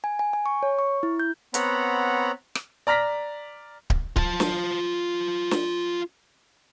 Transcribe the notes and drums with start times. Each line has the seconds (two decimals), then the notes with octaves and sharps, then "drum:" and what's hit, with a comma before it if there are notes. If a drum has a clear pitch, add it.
0.04 G#5
0.19 G#5
0.33 G#5
0.46 C#6
0.63 C#5
0.79 C#6
1.03 E4
1.20 G6
1.54 B3 C4 C#5 F#5 A#5 B5, drum: hi-hat
2.55 drum: rim click
2.87 D5 A#5 F6 A#6 B6
3.90 drum: kick D1
4.16 F4 A5, drum: kick D1
4.40 drum: snare
5.51 drum: snare